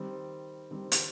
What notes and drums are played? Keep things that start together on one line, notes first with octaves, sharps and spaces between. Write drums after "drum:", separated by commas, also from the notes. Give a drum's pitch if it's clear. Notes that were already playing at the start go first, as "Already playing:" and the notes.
Already playing: D#3 G3 C4
D#3 G3 C4
drum: hi-hat